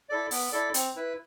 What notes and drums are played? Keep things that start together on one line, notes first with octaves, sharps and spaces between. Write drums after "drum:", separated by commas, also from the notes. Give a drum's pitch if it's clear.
E4 A4 D5
B3, drum: open hi-hat
E4 A4 D5
C4, drum: hi-hat
E4 B4